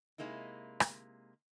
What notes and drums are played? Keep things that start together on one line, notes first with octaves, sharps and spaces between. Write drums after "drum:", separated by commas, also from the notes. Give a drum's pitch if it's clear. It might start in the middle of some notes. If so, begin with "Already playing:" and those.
C3 G#3 A#3 D#4 E4
drum: rim click